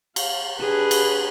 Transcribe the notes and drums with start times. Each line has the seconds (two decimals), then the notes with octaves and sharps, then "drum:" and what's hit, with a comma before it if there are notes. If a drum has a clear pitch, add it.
0.16 F5, drum: cymbal
0.61 D4 G4 G#4 B4
0.91 drum: cymbal